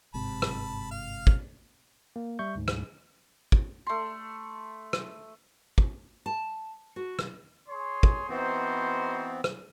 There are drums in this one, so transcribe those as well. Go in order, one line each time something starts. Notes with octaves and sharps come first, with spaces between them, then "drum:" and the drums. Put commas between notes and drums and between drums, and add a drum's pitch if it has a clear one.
G1 G#2 C3 A5 B5
drum: rim click
F5 F6
drum: kick
A#3
G3 E5 C#6 G6
D2 G#2
drum: rim click
drum: kick
A3 C6
drum: rim click
drum: kick
A5
F#4
drum: rim click
G#4 C#5 C6
drum: kick
E3 B3 C4 D#4 F#4 C5
drum: rim click